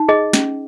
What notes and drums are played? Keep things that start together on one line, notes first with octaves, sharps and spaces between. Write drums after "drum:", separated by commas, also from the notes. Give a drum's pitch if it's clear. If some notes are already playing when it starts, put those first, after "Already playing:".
Already playing: D#4
G#4 D#5
C#4, drum: snare